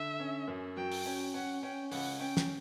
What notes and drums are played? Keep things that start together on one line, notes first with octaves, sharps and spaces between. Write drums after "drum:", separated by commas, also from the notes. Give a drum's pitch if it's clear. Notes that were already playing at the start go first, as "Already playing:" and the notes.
Already playing: D3 E5
C#4
F#2
F#3 G5
drum: open hi-hat
C#4
C#4 F#5
C#4 G5
C#2 F#5, drum: open hi-hat
C#4 G5
drum: snare